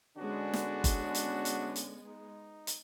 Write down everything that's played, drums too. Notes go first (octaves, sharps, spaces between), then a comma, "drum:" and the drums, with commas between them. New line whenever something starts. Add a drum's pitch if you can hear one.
D3 G#3 B3 C#4 D4 F#4
drum: snare
drum: kick G1, hi-hat
drum: hi-hat
drum: hi-hat
drum: hi-hat
D#4
drum: hi-hat